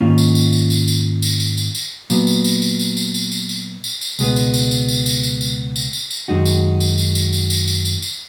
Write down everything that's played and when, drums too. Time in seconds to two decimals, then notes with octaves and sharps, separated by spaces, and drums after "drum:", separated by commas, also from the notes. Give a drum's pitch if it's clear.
0.01 G#2 D#3 A#3 C#4 F4
0.18 drum: tambourine
0.35 drum: tambourine
0.53 drum: tambourine
0.70 drum: tambourine
0.87 drum: tambourine
1.22 drum: tambourine
1.40 drum: tambourine
1.57 drum: tambourine
1.75 drum: tambourine
2.10 A#2 F#3 B3, drum: tambourine
2.27 drum: tambourine
2.44 drum: tambourine
2.62 drum: tambourine
2.79 drum: tambourine
2.97 drum: tambourine
3.14 drum: tambourine
3.32 drum: tambourine
3.49 drum: tambourine
3.84 drum: tambourine
4.01 drum: tambourine
4.19 C#2 B2 G#3 B3, drum: tambourine
4.36 drum: tambourine
4.54 drum: tambourine
4.71 drum: tambourine
4.89 drum: tambourine
5.06 drum: tambourine
5.23 drum: tambourine
5.41 drum: tambourine
5.76 drum: tambourine
5.93 drum: tambourine
6.11 drum: tambourine
6.28 F#2 D#3 G#3 D#4 F#4
6.45 drum: tambourine
6.80 drum: tambourine
6.98 drum: tambourine
7.15 drum: tambourine
7.33 drum: tambourine
7.50 drum: tambourine
7.67 drum: tambourine
7.85 drum: tambourine
8.02 drum: tambourine